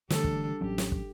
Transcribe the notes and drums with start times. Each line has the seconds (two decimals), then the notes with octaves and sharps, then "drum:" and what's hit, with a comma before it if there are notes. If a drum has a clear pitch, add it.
0.10 D3 E3 G3 A3 D4 A4, drum: snare
0.24 drum: kick
0.61 A1 F#3 C#4 G4
0.78 drum: snare
0.92 drum: kick